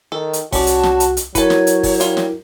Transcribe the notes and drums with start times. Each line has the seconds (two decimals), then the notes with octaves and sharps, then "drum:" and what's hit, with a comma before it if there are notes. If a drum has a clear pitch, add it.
0.12 D#3 A4
0.33 drum: hi-hat
0.52 C2 C#4 F#4 D5 A5, drum: kick, open hi-hat
0.67 drum: hi-hat
0.83 drum: snare
1.00 drum: hi-hat
1.17 drum: hi-hat
1.35 F#3 E4 A#4 B4 C#5 A5, drum: kick, hi-hat
1.50 drum: snare
1.67 drum: hi-hat
1.83 drum: kick, open hi-hat
2.00 G3 F4, drum: hi-hat
2.17 drum: snare